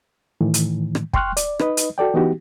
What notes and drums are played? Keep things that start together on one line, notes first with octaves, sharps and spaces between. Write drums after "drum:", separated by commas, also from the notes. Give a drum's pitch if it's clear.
A2 D#3 E3
drum: hi-hat
drum: rim click
G5 C6 C#6 F6 F#6, drum: kick
D5, drum: hi-hat
D#4 B4 D#5, drum: rim click
drum: hi-hat
F#4 A4 D5 G5
E3 B3 D#4 F#4 G4